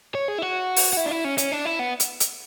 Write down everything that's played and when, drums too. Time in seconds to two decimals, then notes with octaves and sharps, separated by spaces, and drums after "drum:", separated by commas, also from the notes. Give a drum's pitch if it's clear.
0.15 C#5
0.28 G#4
0.38 E4
0.42 F#4
0.76 drum: open hi-hat
0.93 F#4
0.97 E4
1.06 D4
1.11 E4
1.25 C#4
1.38 C#4, drum: hi-hat
1.52 D4
1.65 E4
1.79 B3
2.00 drum: hi-hat
2.20 drum: hi-hat